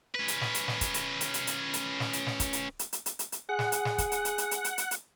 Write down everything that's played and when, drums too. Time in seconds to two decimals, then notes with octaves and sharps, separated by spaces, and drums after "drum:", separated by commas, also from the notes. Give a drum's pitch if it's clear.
0.15 C#4 B4
0.28 drum: hi-hat
0.41 drum: snare
0.55 drum: hi-hat
0.68 drum: snare
0.81 drum: kick, hi-hat
0.94 drum: hi-hat
1.21 drum: hi-hat
1.34 drum: hi-hat
1.47 drum: hi-hat
1.74 drum: hi-hat
2.00 drum: snare
2.13 drum: hi-hat
2.26 drum: snare
2.40 drum: kick, hi-hat
2.53 drum: hi-hat
2.79 drum: hi-hat
2.93 drum: hi-hat
3.06 drum: hi-hat
3.19 drum: hi-hat
3.32 drum: hi-hat
3.49 G#4 F#5
3.59 drum: snare
3.72 drum: hi-hat
3.85 drum: snare
3.98 drum: kick, hi-hat
4.12 drum: hi-hat
4.25 drum: hi-hat
4.38 drum: hi-hat
4.51 drum: hi-hat
4.64 drum: hi-hat
4.78 drum: hi-hat
4.91 drum: hi-hat